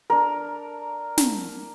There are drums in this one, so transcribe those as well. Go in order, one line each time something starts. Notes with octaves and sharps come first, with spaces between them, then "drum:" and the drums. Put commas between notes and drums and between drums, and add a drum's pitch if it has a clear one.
D4 A#4
drum: snare